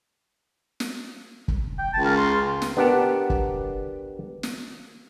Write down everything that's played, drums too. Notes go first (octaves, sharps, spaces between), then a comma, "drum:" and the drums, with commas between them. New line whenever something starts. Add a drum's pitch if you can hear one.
drum: snare
drum: kick
G5
C#2 A5
A#4
C6
drum: snare
B3 D4 G4 A#4 F#5 A5
drum: kick
drum: snare